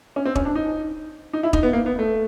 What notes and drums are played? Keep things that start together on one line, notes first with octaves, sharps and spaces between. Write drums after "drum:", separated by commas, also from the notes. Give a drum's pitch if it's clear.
C#4
C4
C#4, drum: kick E1
D4
D#4
D#4
E4
D#4, drum: kick E1
B3
A#3
B3
A3